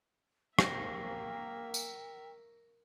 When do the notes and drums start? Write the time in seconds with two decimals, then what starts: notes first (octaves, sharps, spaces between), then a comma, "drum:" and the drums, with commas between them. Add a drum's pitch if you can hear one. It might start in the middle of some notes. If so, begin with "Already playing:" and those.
0.59 A#3 A#4 E5 G5 A#6, drum: rim click
1.74 drum: tambourine